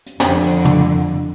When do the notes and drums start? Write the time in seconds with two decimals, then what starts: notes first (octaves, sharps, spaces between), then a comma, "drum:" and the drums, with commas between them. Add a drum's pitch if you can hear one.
0.06 drum: hi-hat
0.20 F2 D3, drum: snare
0.43 drum: open hi-hat
0.65 drum: tom